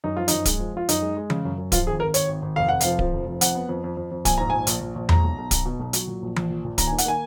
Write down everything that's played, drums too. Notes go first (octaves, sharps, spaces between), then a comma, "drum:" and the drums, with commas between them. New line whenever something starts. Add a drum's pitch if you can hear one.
F#2 D#4
F3 F4
F#2 D#4, drum: hi-hat
G#3, drum: kick D1, hi-hat
F3
F3 F4
F#2 D#4, drum: hi-hat
G#3
G#3
C#3, drum: tom E3
F#2
F#2
F3 F4, drum: kick D1, hi-hat
G#1 G#4
G#1 A#4
G#1 C#5, drum: hi-hat
G#1
G#1
F1 F5
F1 F#5
F3 F5, drum: hi-hat
F3, drum: kick D1
F1
F3
F2 F#5, drum: hi-hat
B3
F2
F2
F2
F2
A#1 G#5, drum: kick D1, hi-hat
G#2 A#5
A#1 G#5
A#1, drum: hi-hat
A#1
A#1
G#3 A#5, drum: tom E2
B1
B1
B1, drum: kick D1, hi-hat
B2
B1
F#3, drum: hi-hat
A#2
A#1
A#1, drum: tom E3
A#2
A#2
D#2 A#5, drum: kick D1, hi-hat
D#3 G#5
F#5, drum: hi-hat
A#3 G#5